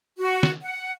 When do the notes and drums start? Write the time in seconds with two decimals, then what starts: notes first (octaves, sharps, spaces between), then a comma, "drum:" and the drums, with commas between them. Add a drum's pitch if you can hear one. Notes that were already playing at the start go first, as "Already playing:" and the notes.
0.18 F#4
0.43 drum: snare
0.62 F#5